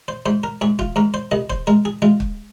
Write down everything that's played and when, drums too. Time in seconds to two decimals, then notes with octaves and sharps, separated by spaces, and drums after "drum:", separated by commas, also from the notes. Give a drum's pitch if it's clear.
0.08 C5
0.26 G#2 C5
0.44 A#4
0.61 G#2 G#4
0.79 F4, drum: kick
0.96 G#2 A#4
1.14 C5
1.31 C2 D#5
1.50 C5, drum: kick
1.67 G#3 A#4
1.85 G#4
2.02 G#3 F4
2.20 drum: kick